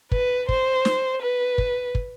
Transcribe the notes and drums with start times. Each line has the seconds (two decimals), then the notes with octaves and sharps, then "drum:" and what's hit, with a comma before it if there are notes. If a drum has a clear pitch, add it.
0.12 B4, drum: kick
0.49 C5, drum: kick
0.85 drum: snare
1.22 B4
1.58 drum: kick
1.95 drum: kick